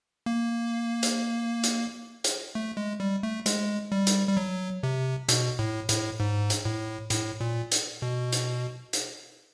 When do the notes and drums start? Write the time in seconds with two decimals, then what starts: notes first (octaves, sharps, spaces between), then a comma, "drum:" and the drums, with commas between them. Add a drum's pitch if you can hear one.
0.26 A#3
1.03 drum: hi-hat
1.63 drum: hi-hat
2.24 drum: hi-hat
2.55 A3
2.77 G#3
3.00 G3
3.23 A3
3.46 G#3, drum: hi-hat
3.92 G3
4.07 drum: hi-hat
4.29 G3
4.37 F#3
4.83 C3
5.29 B2, drum: hi-hat
5.59 A2
5.89 A2, drum: hi-hat
6.20 G#2
6.50 drum: hi-hat
6.65 A2
7.10 A2, drum: hi-hat
7.41 A#2
7.72 drum: hi-hat
8.02 B2
8.32 drum: hi-hat
8.93 drum: hi-hat